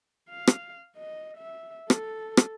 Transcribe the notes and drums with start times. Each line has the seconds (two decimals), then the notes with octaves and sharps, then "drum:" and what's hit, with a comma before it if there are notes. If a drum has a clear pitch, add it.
0.29 F5
0.47 drum: rim click
0.96 D#5
1.37 E5
1.90 A4, drum: rim click
2.37 drum: rim click